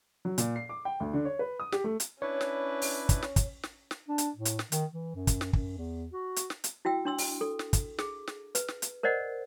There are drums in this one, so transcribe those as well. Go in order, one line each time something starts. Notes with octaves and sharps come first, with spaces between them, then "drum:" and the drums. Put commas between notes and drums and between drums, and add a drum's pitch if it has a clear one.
F#3
A#2, drum: hi-hat
C7
D6
G5
D2
D3
C#5
B4
D#6
G4, drum: snare
A3
drum: hi-hat
C#4 D4 E4 B4 C#5
drum: snare
drum: open hi-hat
drum: kick, hi-hat
drum: snare
drum: kick, hi-hat
drum: snare
drum: snare
D4
drum: hi-hat
A2
drum: hi-hat
drum: snare
D#3, drum: hi-hat
E3
F#2
drum: kick, hi-hat
drum: snare
F#2, drum: kick
E2
F#4
drum: hi-hat
drum: snare
drum: hi-hat
E4 F#4 G5 E6
D4 C6 E6
drum: open hi-hat
A4
drum: snare
drum: kick, hi-hat
G#4, drum: snare
drum: snare
B4, drum: hi-hat
drum: snare
drum: hi-hat
A#4 C5 D5 D#5 F#5